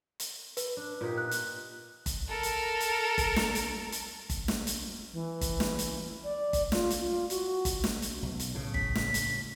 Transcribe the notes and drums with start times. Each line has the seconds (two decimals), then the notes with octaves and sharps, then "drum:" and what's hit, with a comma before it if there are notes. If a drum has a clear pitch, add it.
0.20 drum: hi-hat
0.57 B4, drum: hi-hat
0.77 D4
1.01 A#2 D#4 G4
1.18 F#6
1.31 drum: hi-hat
2.06 drum: kick G1, hi-hat
2.29 A4 A#4
2.43 drum: hi-hat
2.80 drum: hi-hat
3.18 drum: kick G1, hi-hat
3.36 drum: snare
3.55 drum: hi-hat
3.92 drum: hi-hat
4.30 drum: kick G1, hi-hat
4.48 drum: snare
4.67 drum: hi-hat
5.13 E3
5.41 drum: kick G1, hi-hat
5.60 drum: snare
5.79 drum: hi-hat
6.24 D5
6.53 drum: kick G1, hi-hat
6.72 F4, drum: snare
6.90 drum: hi-hat
7.01 F4
7.30 F#4, drum: hi-hat
7.65 drum: kick G1, hi-hat
7.84 drum: snare
8.02 drum: hi-hat
8.23 B1
8.40 drum: hi-hat
8.54 A2 C#3
8.74 B6, drum: kick G1
8.95 drum: snare
9.14 drum: hi-hat